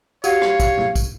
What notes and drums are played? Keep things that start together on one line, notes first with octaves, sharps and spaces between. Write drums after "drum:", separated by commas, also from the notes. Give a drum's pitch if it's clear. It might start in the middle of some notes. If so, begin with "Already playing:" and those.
F#4 G4 C#5 F5 F#5 G#6, drum: tambourine
drum: rim click
drum: kick, tambourine
drum: tom A2
drum: kick, tambourine